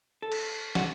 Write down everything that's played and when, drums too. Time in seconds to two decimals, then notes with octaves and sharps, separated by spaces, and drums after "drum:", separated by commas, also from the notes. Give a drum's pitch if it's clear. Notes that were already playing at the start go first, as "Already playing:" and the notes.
0.22 A4
0.32 drum: cymbal
0.75 F#4, drum: snare